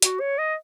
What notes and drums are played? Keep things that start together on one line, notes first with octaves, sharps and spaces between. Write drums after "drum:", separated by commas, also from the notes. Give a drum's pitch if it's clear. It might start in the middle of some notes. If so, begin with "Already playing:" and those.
F#4, drum: hi-hat
C#5
D#5